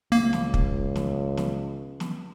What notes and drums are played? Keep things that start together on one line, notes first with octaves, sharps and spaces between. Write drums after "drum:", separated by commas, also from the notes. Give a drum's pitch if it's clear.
C#2 A#3
drum: snare
drum: kick
drum: snare
drum: snare
drum: snare